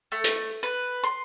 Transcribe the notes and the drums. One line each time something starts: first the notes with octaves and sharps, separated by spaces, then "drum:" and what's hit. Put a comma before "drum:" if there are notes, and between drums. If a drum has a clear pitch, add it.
A3
drum: hi-hat
B4
C6